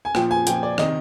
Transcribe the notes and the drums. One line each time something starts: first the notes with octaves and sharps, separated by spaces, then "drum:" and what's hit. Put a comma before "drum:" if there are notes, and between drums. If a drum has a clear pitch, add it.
G#5
A#2 F3 G5, drum: rim click
G#5
A#2 F3 G5, drum: hi-hat
D5
C3 D#3 D#5, drum: rim click